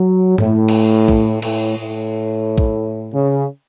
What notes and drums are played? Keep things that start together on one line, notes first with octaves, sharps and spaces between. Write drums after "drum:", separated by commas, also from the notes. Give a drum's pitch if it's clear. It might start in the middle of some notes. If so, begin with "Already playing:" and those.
Already playing: F#3
A2, drum: tom G2
drum: cymbal
drum: kick A#1
A2, drum: cymbal
A2
drum: kick A#1
C#3